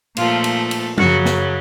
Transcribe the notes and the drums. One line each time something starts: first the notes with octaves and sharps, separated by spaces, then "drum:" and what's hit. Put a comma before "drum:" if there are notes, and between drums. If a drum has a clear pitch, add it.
A#2 F3 A3 F4, drum: cymbal
drum: cymbal
drum: cymbal
F#2 C#3 F#3 F#4, drum: tom F3
drum: snare